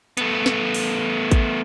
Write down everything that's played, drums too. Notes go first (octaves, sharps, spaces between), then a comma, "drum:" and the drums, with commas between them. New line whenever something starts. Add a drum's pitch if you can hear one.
A3 B3, drum: hi-hat
drum: snare
drum: open hi-hat
drum: kick A1, hi-hat